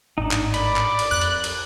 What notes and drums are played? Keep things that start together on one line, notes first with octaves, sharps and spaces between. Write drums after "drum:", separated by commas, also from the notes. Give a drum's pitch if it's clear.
G#1 A2 D4 D#4
drum: clap
D5 B5, drum: cymbal
drum: clap
drum: cymbal
F2 F#6
drum: cymbal
drum: cymbal